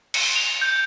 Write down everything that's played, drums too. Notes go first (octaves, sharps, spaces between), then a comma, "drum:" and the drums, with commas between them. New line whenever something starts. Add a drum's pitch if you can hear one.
C#7, drum: cymbal
F7
G6